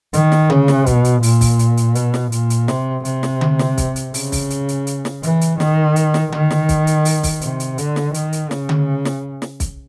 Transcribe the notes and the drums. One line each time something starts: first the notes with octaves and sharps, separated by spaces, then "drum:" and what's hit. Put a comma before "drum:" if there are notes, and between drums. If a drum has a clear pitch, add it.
D#3, drum: hi-hat
drum: snare
C#3, drum: tom D3
drum: snare
B2, drum: kick, hi-hat
drum: hi-hat
A#2, drum: open hi-hat
drum: kick, open hi-hat
drum: hi-hat
drum: hi-hat
B2, drum: hi-hat
drum: snare
A#2, drum: hi-hat
drum: hi-hat
C3, drum: snare
C3, drum: hi-hat
drum: snare
drum: tom D3
drum: snare
drum: kick, hi-hat
drum: hi-hat
C#3, drum: open hi-hat
drum: kick, open hi-hat
drum: hi-hat
drum: hi-hat
drum: hi-hat
drum: snare
E3, drum: hi-hat
drum: hi-hat
D#3, drum: snare
drum: hi-hat
drum: snare
D#3, drum: tom D3
drum: snare
drum: kick, hi-hat
drum: hi-hat
drum: open hi-hat
drum: kick, open hi-hat
C3, drum: hi-hat
drum: hi-hat
D3, drum: hi-hat
drum: snare
D#3, drum: hi-hat
drum: hi-hat
C#3, drum: snare
drum: tom D3
drum: snare
drum: snare
drum: kick, hi-hat